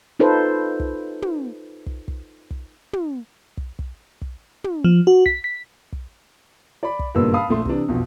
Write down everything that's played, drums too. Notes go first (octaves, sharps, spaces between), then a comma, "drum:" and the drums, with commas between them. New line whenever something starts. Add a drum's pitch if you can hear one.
D#4 F4 A4 B4 C5
drum: kick
drum: tom
drum: kick
drum: kick
drum: kick
drum: tom
drum: kick
drum: kick
drum: kick
drum: tom
F3
F#4
B6, drum: kick
B6
drum: kick
D5 B5
drum: kick
F#1 G2 A#2 A#3 B3 E6
F5 A5 B5 D#6
A#1 A3 C6
C3 E3 D4, drum: kick
B1 F2 B2